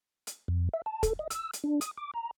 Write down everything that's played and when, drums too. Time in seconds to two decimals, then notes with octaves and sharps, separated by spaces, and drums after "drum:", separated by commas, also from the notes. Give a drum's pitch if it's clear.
0.27 drum: hi-hat
0.48 F2
0.74 E5
0.86 A5
1.03 A4, drum: kick, hi-hat
1.19 D#5
1.30 E6, drum: hi-hat
1.53 drum: hi-hat
1.64 D4
1.81 D#6, drum: hi-hat
1.97 D6
2.14 A#5